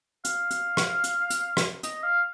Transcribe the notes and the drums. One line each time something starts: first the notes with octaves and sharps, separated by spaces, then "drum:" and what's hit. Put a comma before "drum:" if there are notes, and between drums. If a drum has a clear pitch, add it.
F5, drum: hi-hat
drum: hi-hat
drum: rim click
drum: hi-hat
drum: hi-hat
drum: rim click
D#5, drum: hi-hat
F5